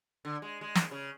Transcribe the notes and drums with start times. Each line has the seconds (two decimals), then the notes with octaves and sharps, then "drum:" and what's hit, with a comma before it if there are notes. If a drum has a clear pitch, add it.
0.25 D3
0.42 G#3
0.61 G#3
0.75 drum: snare
0.91 C#3